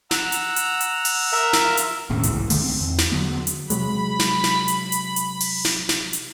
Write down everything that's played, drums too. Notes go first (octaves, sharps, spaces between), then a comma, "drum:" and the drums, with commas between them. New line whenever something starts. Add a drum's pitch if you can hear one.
F#5 A#5 E6, drum: snare
drum: hi-hat
drum: hi-hat
drum: hi-hat
drum: open hi-hat
A#4 E5
drum: snare
F4
drum: hi-hat
F1 D#2 A2 C#3
D#1 C2 G#2 E3, drum: hi-hat
A#1 D3 D#3 A3, drum: open hi-hat
C4
E2
drum: snare
D3 E3 F#3 B3
drum: hi-hat
C3 F#3 G#3 B5, drum: hi-hat
drum: snare
drum: snare
drum: hi-hat
drum: hi-hat
drum: hi-hat
drum: open hi-hat
drum: snare
drum: snare
drum: hi-hat